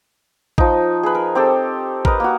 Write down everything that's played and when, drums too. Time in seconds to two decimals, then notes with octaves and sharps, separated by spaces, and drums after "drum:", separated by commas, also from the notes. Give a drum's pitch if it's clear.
0.58 F3 D#4, drum: kick A1
1.03 G#4 B4
1.15 A#4
1.35 C4 G4 A4
2.05 A#4 B4 D#5, drum: kick A1
2.20 A#3 F#4